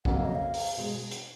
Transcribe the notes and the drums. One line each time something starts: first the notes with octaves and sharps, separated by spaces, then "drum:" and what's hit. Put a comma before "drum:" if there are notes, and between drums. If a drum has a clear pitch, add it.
F2 C#3 F#3 A#3 F#5, drum: kick
F5
D#5
F5
drum: open hi-hat
B2 G#3
drum: hi-hat